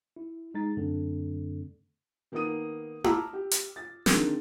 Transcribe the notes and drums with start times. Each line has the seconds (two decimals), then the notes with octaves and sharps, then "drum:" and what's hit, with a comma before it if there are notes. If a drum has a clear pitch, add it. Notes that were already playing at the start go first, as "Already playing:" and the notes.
0.16 E4
0.54 G#3 D#4 A#5 A6
0.77 F#2 D3 A3 C4
2.32 D#3 A#3 B3 A#4 D#6 D#7
3.04 A5 A#5 D6 E6 F6, drum: tom E4
3.33 G4
3.51 drum: hi-hat
3.76 A6
4.06 D3 D#3 F3 C4 G#4 A#4, drum: snare